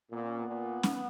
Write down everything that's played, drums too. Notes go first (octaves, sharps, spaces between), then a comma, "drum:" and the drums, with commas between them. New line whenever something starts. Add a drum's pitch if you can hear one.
A#2 B3
C#4
B3
A#2
drum: snare